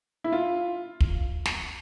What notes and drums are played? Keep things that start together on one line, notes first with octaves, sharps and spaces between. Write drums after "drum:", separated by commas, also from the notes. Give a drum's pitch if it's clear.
E4
F4
drum: kick
drum: snare